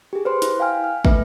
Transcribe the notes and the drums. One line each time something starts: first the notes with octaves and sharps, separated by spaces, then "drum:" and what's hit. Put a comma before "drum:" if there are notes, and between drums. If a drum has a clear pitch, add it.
G4 G#4
B4 C5 C6
E4, drum: hi-hat
F5 G5 G#5 F6
F6
A3 B4 E5, drum: kick